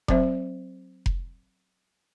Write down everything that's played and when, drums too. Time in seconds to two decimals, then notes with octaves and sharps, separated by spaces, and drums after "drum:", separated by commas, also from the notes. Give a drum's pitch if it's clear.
0.08 F#3 C4 C5 E5, drum: kick F1
1.06 drum: kick F1